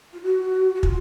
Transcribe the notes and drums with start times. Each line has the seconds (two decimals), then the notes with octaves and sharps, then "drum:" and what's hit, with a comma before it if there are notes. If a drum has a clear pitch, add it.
0.13 F4
0.22 F#4
0.75 F#4
0.83 F4, drum: kick